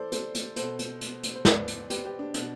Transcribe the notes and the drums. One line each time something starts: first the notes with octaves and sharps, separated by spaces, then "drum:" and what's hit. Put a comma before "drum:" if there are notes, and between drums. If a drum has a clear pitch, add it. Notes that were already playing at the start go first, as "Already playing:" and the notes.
Already playing: E3 A4 C5 D5
A4 C5, drum: hi-hat
drum: hi-hat
B2 A4 C5, drum: hi-hat
drum: hi-hat
drum: hi-hat
drum: hi-hat
C5
B4 D5, drum: snare
drum: hi-hat
G4 B4, drum: hi-hat
G4 B4
D4
B2 D4, drum: hi-hat